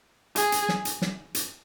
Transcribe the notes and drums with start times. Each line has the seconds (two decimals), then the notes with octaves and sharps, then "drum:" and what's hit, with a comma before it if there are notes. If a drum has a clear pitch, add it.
0.36 G#4, drum: hi-hat
0.52 drum: hi-hat
0.69 drum: snare
0.85 drum: hi-hat
1.02 drum: snare
1.35 drum: hi-hat